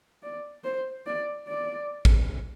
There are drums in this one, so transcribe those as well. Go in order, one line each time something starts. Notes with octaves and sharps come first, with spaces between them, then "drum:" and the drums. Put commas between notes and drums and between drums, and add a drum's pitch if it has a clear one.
D5
C5
D5
D5
drum: kick